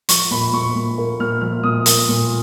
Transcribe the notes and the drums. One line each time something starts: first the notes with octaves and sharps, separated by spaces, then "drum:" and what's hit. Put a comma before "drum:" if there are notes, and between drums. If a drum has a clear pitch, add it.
F3 C#6, drum: hi-hat
A#2 B5
A#2 C#6
A#2
A#3
A#2 F6
F3 F6
A#2 D#6
A#3 D#6, drum: hi-hat
A#2